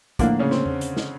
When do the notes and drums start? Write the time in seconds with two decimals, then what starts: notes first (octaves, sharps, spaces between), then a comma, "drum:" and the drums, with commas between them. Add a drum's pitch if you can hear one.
0.19 A2 D3 F3 A#3 D4, drum: kick, hi-hat
0.39 C#3 C#4
0.51 C4, drum: snare
0.66 drum: tom E2
0.81 drum: hi-hat
0.97 drum: snare